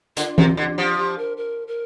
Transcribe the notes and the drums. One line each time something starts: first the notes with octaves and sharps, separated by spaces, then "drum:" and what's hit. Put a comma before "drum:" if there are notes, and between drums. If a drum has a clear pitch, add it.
D3 F4, drum: hi-hat
C3, drum: tom E3
D3
F3 G4
G4
A#4
A#4
A#4